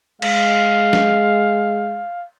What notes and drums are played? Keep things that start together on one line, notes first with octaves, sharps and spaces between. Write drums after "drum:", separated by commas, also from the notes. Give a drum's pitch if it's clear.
G#3 F5, drum: cymbal
drum: snare